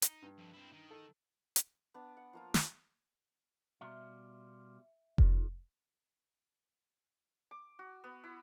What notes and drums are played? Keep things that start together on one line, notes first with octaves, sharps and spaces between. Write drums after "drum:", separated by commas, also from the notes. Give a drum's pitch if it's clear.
D#4, drum: hi-hat
G2
F2
C4 E4
D#3
A4
drum: hi-hat
B3 D4
F#5
F3 A#3 F4
drum: snare
B2 G3 F4 E5
G2 E3 D#4 F4 G#4, drum: kick F1
D6
F#4
B3
E4